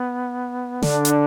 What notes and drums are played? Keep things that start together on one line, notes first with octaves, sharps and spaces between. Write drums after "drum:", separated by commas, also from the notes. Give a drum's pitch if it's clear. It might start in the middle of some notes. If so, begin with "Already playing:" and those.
Already playing: B3
D3 D4, drum: snare
drum: hi-hat